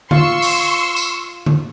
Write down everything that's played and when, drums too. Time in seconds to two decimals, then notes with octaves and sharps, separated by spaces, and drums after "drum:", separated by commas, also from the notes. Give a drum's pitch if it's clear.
0.11 F4 C6 C#6 E6, drum: tom D3
0.42 drum: open hi-hat
0.96 drum: tambourine
1.46 drum: tom D3